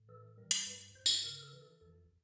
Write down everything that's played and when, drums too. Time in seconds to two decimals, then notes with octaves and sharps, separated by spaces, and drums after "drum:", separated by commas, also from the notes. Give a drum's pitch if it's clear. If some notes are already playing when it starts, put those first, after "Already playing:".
Already playing: A2
0.09 E3 A4
0.37 G3 A#4
0.51 drum: hi-hat
0.66 G2 B4
0.95 G2 C5
1.06 drum: tambourine
1.24 C#3 A#4
1.39 A#4
1.43 A4
1.53 E3
1.62 A4
1.81 F2 A4